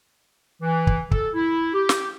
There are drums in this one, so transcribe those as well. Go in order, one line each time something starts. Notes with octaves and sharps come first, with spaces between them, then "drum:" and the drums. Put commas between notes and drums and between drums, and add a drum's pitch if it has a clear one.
E3
drum: kick
A4, drum: kick
E4
G4
drum: snare